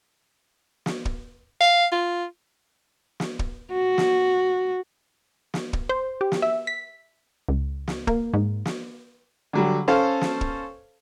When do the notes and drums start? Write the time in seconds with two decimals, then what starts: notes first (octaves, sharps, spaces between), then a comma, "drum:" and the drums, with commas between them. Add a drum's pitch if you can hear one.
0.86 drum: snare
1.05 drum: kick
1.61 F5
1.92 F4
3.20 drum: snare
3.39 drum: kick
3.73 F#4
3.98 drum: snare
5.54 drum: snare
5.73 drum: kick
5.89 C5
6.21 G4
6.32 drum: snare
6.42 E5
6.67 B6
7.49 C#2
7.88 drum: snare
8.07 A#3, drum: kick
8.34 G#2
8.65 drum: snare
9.53 D3 F#3 G3
9.88 C#4 A4 C5 F5 A5
10.21 drum: snare
10.41 drum: kick